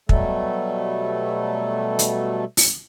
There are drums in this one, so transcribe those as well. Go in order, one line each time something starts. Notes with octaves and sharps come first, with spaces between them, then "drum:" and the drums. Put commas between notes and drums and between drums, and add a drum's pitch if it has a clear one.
B2 F#3 G3 A3 A4, drum: kick
drum: hi-hat
drum: open hi-hat